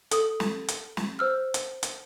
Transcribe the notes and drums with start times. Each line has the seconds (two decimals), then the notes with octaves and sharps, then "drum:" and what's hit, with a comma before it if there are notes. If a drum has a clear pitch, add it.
0.11 A4 D#6, drum: hi-hat
0.40 drum: snare
0.68 drum: hi-hat
0.97 drum: snare
1.19 C5 E6 F6
1.54 drum: hi-hat
1.83 drum: hi-hat